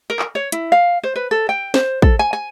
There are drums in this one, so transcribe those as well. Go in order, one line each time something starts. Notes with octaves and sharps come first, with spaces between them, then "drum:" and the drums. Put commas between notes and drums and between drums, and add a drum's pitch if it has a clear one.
A#4
drum: clap
C#5
E4, drum: hi-hat
F5
C5
B4
A4
G5
C5, drum: snare
A4, drum: kick
G#5
G#5